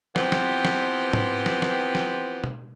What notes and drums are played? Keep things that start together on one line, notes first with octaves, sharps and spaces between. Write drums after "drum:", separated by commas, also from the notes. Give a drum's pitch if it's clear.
E3 F3 B3 C4 G4, drum: snare
drum: snare
drum: snare
drum: tom G#2
drum: snare
drum: snare
drum: snare
drum: tom B2